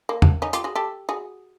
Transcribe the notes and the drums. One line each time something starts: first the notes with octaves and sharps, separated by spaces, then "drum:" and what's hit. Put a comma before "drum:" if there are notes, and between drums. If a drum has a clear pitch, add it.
A#3
drum: tom E2
C#4 D#4
F4 G4, drum: hi-hat
F#4 G#4
G4 A4
F#4 G#4